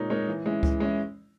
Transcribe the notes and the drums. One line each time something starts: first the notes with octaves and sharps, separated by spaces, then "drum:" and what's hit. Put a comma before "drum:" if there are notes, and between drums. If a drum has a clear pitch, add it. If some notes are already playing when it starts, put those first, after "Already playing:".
Already playing: A#2 G#3 D#4 A#4 C#5
G#3 D#4 A#4 C#5
E3
G#3 C#4 E4
E3, drum: kick C#2
G#3 C#4 E4